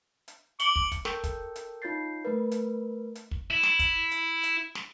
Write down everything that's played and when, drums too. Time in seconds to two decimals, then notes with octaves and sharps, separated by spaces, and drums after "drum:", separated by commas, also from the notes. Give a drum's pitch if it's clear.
0.28 drum: hi-hat
0.60 D6 C#7 F#7 G7, drum: hi-hat
0.76 drum: kick
0.92 drum: kick, hi-hat
1.05 A4 A#4 G5 C#6 E6 G6, drum: snare
1.24 drum: kick, hi-hat
1.56 drum: hi-hat
1.82 D#4 F4 C#5 G6 A6 C7
2.25 A3 A#4 B4
2.51 drum: hi-hat
3.15 drum: hi-hat
3.31 drum: kick
3.51 E4
3.63 drum: snare
3.79 drum: kick, hi-hat
4.11 drum: hi-hat
4.43 drum: hi-hat
4.75 drum: snare